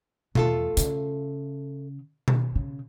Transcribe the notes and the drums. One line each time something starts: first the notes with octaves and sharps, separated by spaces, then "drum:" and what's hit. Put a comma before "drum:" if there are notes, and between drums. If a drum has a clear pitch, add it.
E2 A3 F4 A4, drum: tom B2
C#3, drum: hi-hat
drum: tom B2
C#3